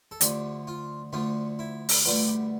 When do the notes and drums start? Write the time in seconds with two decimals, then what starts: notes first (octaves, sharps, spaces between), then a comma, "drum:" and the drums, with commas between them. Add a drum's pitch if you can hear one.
0.11 A4
0.21 D2 D3 F3 G4, drum: hi-hat
0.67 F4
1.13 D2 D3 F3 F4
1.59 E4
1.89 drum: open hi-hat
2.05 D2 D3 G3 B3 F4
2.28 G4